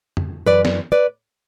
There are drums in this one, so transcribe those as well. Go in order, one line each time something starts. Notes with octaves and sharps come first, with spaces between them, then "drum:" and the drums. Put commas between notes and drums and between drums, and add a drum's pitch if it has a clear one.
drum: tom
F#2 E3 B4 D5
drum: snare
B4 D5